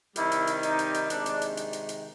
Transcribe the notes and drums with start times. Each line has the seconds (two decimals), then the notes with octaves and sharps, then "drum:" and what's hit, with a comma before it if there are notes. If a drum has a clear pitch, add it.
0.16 C3 D#3 G3 E4, drum: hi-hat
0.32 drum: hi-hat
0.47 drum: hi-hat
0.63 D#4, drum: hi-hat
0.79 drum: hi-hat
0.94 drum: hi-hat
1.10 C3 D#3 G#3 D4, drum: hi-hat
1.26 drum: hi-hat
1.42 drum: hi-hat
1.57 drum: hi-hat
1.73 drum: hi-hat
1.89 drum: hi-hat